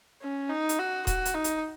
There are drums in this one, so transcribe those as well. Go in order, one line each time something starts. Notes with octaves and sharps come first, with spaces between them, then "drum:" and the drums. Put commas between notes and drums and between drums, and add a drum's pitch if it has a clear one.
C#4
D#4
drum: hi-hat
F#4
F#4, drum: kick D#1, hi-hat
drum: hi-hat
D#4
drum: hi-hat